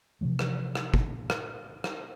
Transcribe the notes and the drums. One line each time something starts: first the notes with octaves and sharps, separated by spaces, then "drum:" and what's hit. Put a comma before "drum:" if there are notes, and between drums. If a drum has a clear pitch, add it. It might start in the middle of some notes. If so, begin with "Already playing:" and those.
C3 E3 F3 A3
drum: rim click
drum: rim click
drum: kick
drum: rim click
drum: rim click